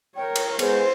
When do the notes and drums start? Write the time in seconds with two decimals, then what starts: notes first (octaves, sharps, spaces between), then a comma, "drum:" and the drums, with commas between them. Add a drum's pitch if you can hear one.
0.16 A#4 C#5 G5
0.36 drum: cymbal
0.59 G#3 B3 C5, drum: cymbal